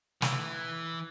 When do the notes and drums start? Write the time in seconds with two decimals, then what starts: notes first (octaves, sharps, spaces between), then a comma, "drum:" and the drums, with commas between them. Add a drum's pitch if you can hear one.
0.22 E3, drum: snare